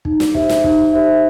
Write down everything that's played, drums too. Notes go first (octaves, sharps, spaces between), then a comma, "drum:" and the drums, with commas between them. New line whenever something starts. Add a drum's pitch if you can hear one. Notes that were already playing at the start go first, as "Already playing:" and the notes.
D#4, drum: kick
drum: snare
G4 C5 E5, drum: kick
drum: snare
D#4, drum: kick
G4 C5 E5